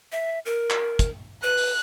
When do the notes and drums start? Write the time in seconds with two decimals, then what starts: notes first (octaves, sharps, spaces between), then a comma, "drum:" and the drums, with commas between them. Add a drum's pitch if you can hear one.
0.12 E5
0.46 A#4
0.70 drum: clap
0.99 drum: kick, hi-hat
1.43 B4 F#6
1.57 drum: open hi-hat